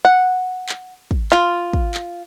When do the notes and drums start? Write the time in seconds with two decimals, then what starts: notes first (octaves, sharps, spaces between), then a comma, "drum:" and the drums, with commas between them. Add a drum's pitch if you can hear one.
0.05 F#5
0.69 drum: clap
1.11 drum: kick
1.32 F4, drum: clap
1.73 drum: kick
1.94 drum: clap